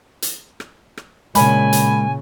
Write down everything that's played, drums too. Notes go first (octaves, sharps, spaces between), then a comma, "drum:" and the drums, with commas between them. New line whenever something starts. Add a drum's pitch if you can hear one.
drum: hi-hat
drum: rim click
drum: rim click
A#2 C#3 G#3 A#4 C#5 G#5 B5, drum: hi-hat
drum: hi-hat